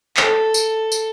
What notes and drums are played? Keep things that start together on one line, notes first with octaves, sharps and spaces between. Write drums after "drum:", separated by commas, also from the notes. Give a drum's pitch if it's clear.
A4, drum: clap
drum: tambourine
drum: tambourine